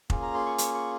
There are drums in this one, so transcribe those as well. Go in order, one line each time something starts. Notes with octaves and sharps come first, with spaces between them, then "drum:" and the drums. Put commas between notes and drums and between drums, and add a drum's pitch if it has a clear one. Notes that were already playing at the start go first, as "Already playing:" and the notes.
A#3 C#4 F4 G#4, drum: kick F1
A#5
C6
C#6
C#6, drum: hi-hat
C#6